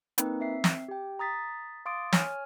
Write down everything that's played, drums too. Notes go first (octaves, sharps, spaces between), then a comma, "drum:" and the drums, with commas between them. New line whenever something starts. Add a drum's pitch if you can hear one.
A#3 C4 D#4 A#4 B4, drum: hi-hat
C4 E5 C7
drum: snare
G4 G5
A#5 D#6 A6 B6
F5 C6 D6 D#6 A6 D7
C#5 G#5 F6, drum: snare